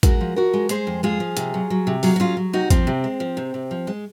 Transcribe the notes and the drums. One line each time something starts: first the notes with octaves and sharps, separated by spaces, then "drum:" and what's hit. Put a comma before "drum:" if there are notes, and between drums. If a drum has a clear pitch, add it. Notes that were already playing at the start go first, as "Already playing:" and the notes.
G#3 F#4 A#4, drum: kick A1, hi-hat
F3
F3 F#4 A#4
G#3
G#3 G#4 C5, drum: hi-hat
F2
G#3 F4 G#4
F3
C3, drum: hi-hat
F#3
F#3
C3
F#3 F4 G#4, drum: open hi-hat
F#4
F#3 C#4 F4
F#3
C3 D#4 F#4
F3 C4, drum: kick A1, hi-hat
C3
G#3
F3
C3
C3
F3
G#3